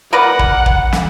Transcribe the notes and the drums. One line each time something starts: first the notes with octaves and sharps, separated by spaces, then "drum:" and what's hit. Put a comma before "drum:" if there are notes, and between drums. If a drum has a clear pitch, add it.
A#4 B4 D5 F#5
drum: kick
drum: kick
drum: snare